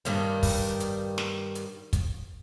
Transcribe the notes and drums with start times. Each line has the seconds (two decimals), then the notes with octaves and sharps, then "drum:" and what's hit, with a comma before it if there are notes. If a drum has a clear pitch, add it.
0.05 G2 D#3 G3, drum: hi-hat
0.43 drum: kick, open hi-hat
0.80 drum: hi-hat
1.18 drum: snare
1.55 drum: hi-hat
1.93 drum: kick, hi-hat